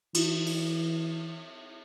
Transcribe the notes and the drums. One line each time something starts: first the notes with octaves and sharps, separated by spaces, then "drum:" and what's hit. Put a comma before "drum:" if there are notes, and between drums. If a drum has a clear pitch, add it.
E3, drum: cymbal
drum: open hi-hat